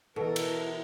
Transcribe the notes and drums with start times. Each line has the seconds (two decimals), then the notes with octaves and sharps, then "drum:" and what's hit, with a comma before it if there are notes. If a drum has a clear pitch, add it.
0.16 B2 E3 E4 A4 A#4
0.36 drum: cymbal